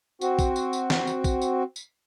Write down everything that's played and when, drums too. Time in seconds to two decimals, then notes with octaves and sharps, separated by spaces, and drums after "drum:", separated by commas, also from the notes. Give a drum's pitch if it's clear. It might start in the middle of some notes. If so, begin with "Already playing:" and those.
0.21 C4 F#4, drum: tambourine
0.39 drum: kick, tambourine
0.56 drum: tambourine
0.73 drum: tambourine
0.90 drum: snare
1.07 drum: tambourine
1.24 drum: kick, tambourine
1.42 drum: tambourine
1.76 drum: tambourine